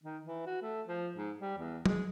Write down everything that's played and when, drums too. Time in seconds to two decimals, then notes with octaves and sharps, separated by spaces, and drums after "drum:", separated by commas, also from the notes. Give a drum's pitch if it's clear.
0.04 D#3
0.26 E3
0.46 F#4
0.62 A3
0.87 F3
1.15 G#2
1.40 G3
1.58 E2
1.86 G#3, drum: tom F#3